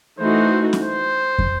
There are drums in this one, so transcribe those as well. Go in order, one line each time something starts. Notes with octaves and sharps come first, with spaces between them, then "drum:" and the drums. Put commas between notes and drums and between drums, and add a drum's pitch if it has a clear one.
E3 A3 D#4 F#4 C5
drum: snare
C5
drum: kick